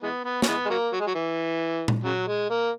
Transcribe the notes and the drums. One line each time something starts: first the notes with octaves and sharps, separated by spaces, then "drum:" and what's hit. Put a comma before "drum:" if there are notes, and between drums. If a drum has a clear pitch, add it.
E3 G#3 B3
B3
C#4, drum: snare
E3 G#3 B3
G#3
F#3 A#3
F#3
G#3
F#3
E3
drum: tom A#2
C#3 F#3
G#3
A#3